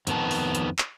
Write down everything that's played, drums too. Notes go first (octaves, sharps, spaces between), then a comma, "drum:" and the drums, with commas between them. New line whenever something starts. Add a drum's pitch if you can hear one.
F2 D#3 B3 A5, drum: hi-hat
drum: open hi-hat
drum: hi-hat
drum: clap